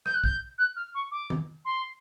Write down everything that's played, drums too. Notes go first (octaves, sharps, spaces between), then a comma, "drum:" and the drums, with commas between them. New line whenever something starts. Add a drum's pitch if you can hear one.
G6, drum: rim click
F#6
G6, drum: kick
F#6
F6
C#6
D6
drum: tom D#3
C6